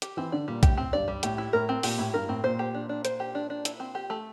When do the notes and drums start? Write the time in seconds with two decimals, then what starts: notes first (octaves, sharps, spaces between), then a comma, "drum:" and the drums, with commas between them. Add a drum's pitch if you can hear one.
0.02 G4, drum: hi-hat
0.17 E3 C4
0.32 D3 D5
0.48 A#2 G3
0.63 A2 G4, drum: kick, hi-hat
0.78 C4
0.93 G2 D5
1.08 G3
1.23 A2 G4, drum: hi-hat
1.38 E4
1.53 A2 A#4
1.69 C4
1.83 A#2 G4, drum: open hi-hat
1.98 A2 E4
2.14 G2 A#4
2.29 A2 C4
2.44 A#2 C5
2.59 G4
2.75 D4
2.89 D4
3.05 C5, drum: hi-hat
3.20 G4
3.35 D4
3.50 D4
3.65 E4, drum: hi-hat
3.80 C4
3.95 G4
4.10 A3